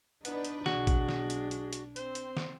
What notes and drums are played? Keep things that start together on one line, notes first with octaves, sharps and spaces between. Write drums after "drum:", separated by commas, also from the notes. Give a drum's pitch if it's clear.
B3 D4 D#4 B4 D5, drum: hi-hat
drum: hi-hat
B1 G#3 F#4, drum: snare
drum: kick, hi-hat
drum: snare
drum: hi-hat
drum: hi-hat
drum: hi-hat
C4 C5, drum: hi-hat
drum: hi-hat
drum: snare